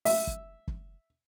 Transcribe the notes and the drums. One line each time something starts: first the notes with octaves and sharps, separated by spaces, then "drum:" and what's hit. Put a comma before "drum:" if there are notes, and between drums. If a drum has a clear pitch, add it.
E5, drum: open hi-hat
drum: kick
drum: kick